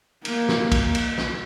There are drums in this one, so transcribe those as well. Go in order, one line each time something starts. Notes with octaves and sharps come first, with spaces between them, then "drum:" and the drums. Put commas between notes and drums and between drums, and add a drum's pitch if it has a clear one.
A#3, drum: cymbal
drum: snare
drum: kick, cymbal
drum: cymbal
drum: snare